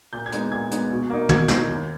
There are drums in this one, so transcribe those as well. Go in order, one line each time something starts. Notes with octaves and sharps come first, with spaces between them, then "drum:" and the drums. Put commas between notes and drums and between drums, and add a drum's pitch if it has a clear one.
A#2 G6
G#6
G#3 B3 D#4, drum: hi-hat
A#2 G#6
G#3 B3 D#4, drum: hi-hat
B2
A#3 D#4
B2 G#6, drum: tom
A#3 D#4 G6, drum: snare
D#2